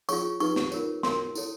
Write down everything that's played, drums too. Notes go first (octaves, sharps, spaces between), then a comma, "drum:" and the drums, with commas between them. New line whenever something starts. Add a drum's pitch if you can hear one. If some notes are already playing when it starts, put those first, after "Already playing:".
F4 G#4 C#5 C#6, drum: tambourine
D#4 G4 B4 C#6, drum: tambourine
drum: snare
F4 A#4 C#5, drum: tambourine
F#4 A#4 C#5 C6, drum: snare
E4 A4 C#5, drum: tambourine